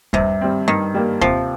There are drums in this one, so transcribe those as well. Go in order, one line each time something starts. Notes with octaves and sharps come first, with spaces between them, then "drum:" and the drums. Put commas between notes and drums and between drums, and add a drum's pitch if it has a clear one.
G2 C3, drum: kick D#2
G3 C4
G2 D#3
G3 A#3
C3 F3, drum: kick D#2